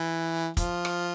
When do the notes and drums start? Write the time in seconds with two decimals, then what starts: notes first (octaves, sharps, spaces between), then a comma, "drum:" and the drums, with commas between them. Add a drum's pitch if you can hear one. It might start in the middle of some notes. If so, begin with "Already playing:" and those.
Already playing: E3
0.57 F3, drum: kick, hi-hat
0.85 drum: rim click